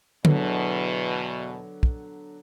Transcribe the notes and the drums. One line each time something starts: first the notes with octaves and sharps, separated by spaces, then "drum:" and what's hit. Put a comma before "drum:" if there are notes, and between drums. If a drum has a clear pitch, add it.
E2 B2 D3 F#3 B3, drum: tom D3
drum: kick